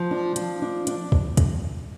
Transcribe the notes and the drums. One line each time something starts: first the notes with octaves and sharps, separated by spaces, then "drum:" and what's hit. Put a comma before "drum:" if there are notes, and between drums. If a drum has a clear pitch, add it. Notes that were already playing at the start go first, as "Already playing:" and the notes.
Already playing: F3
D4
F3, drum: hi-hat
D4
D4, drum: hi-hat
drum: kick
drum: kick, hi-hat